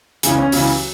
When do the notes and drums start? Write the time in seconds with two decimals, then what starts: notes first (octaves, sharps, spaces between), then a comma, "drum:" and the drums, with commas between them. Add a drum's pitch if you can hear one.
0.23 C#2 C#3 E3 G#4, drum: hi-hat
0.38 C#4
0.52 C#2 C#3 E3 F#3, drum: open hi-hat